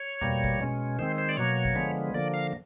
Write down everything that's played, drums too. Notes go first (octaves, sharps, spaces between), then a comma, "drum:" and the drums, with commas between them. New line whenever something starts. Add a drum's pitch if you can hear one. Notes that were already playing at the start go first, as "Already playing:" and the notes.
Already playing: C#5
B2 G3 A#3, drum: tom E2
drum: kick G#1
B2 G#3 C#4
D#3 G#3 C4 C5
C5
D5
B2 F#3 A#3 C#5
drum: kick G#1
D3 F3 G#3 B3
D3 F3 A#3 D5
F5